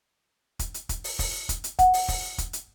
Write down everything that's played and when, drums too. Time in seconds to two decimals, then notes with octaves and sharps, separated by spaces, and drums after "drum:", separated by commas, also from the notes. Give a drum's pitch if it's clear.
0.59 drum: kick, hi-hat
0.74 drum: hi-hat
0.89 drum: kick, hi-hat
1.04 drum: open hi-hat
1.19 drum: kick, open hi-hat
1.49 drum: kick, hi-hat
1.64 drum: hi-hat
1.79 F#5, drum: kick, hi-hat
1.94 drum: open hi-hat
2.08 drum: kick, open hi-hat
2.38 drum: kick, hi-hat
2.53 drum: hi-hat